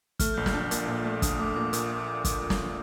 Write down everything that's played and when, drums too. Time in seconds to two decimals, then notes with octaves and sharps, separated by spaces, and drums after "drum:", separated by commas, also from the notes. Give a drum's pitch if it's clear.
0.19 A3 F6, drum: kick, hi-hat
0.34 A#1 G6
0.46 F6, drum: snare
0.54 D4
0.71 A#2, drum: hi-hat
0.88 A#2
1.05 A3
1.22 D4 D#6, drum: kick, hi-hat
1.39 A3 D6
1.56 A#2 D6
1.73 A#2 D#6, drum: hi-hat
2.25 drum: kick, hi-hat
2.50 drum: snare